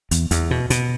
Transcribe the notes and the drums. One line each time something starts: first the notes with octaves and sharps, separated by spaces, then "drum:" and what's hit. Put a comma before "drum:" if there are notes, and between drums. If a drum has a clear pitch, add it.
E2, drum: hi-hat
E2, drum: hi-hat
B2
B2, drum: hi-hat